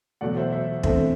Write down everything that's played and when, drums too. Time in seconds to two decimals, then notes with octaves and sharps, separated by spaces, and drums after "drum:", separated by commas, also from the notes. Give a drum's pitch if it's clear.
0.21 E2 B2 F#3 A3 D5 F#5
0.37 C5 E5
0.52 C5 E5
0.83 E2 D3 A3 C4 C5 E5, drum: kick